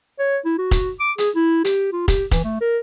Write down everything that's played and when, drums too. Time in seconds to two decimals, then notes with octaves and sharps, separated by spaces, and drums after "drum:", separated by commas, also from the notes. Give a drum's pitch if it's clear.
0.19 C#5
0.45 E4
0.58 F#4
0.71 drum: kick, hi-hat
1.00 D6
1.18 G#4, drum: hi-hat
1.35 E4
1.65 G4, drum: hi-hat
1.93 F4
2.08 G4, drum: kick, hi-hat
2.31 E3, drum: kick, hi-hat
2.44 A3
2.61 A#4